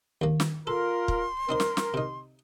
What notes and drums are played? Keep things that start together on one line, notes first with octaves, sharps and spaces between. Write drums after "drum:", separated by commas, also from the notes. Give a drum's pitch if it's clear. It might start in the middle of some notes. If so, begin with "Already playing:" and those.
D#2 A#3
drum: snare
F4 A4 A#4 C6
drum: kick
C4 D#4 A#4 C5
drum: snare
drum: snare
C3 D#4